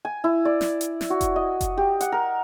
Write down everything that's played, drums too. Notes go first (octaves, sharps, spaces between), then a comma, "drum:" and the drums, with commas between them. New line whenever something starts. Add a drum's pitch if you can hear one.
G#5
E4
D5
drum: snare
drum: hi-hat
drum: snare
F#4
drum: kick F1, hi-hat
D#5
drum: kick F1, hi-hat
G4
F#5, drum: hi-hat
A#4